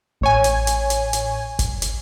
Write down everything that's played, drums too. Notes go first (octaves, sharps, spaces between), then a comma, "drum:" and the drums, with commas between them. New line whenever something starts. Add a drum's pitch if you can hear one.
A1 C#5 G#5
drum: hi-hat
drum: hi-hat
drum: hi-hat
drum: hi-hat
drum: kick G1, hi-hat
drum: hi-hat